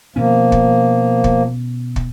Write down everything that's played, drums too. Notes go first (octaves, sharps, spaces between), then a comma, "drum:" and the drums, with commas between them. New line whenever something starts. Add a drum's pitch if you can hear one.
B2 F3 A#3 C#4
drum: kick
drum: kick
drum: kick